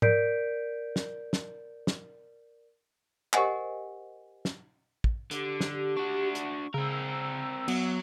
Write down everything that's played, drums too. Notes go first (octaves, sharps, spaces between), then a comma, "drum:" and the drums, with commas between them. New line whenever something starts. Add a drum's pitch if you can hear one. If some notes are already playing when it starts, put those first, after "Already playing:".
A#4 D5 G6 B6 C7 D7, drum: tom G#2
drum: snare
drum: snare
drum: snare
G4 A#4 C5 D#5 F#5 G#5, drum: clap
drum: snare
drum: kick
D3 G4, drum: hi-hat
drum: snare
D4 F#4 C#6
drum: hi-hat
C#3 C4 A#4 E6
F#3 B3, drum: cymbal